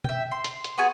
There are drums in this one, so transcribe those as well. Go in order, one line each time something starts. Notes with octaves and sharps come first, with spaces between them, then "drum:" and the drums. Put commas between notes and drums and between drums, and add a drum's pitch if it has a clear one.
E5 G5, drum: tom
C6
drum: hi-hat
drum: hi-hat
B3 F#4 G#4 G#5